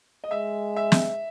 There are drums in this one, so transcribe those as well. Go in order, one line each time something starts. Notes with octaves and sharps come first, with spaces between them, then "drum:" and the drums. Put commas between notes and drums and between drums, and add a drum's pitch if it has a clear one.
D#5
G#3 E5
E5
drum: snare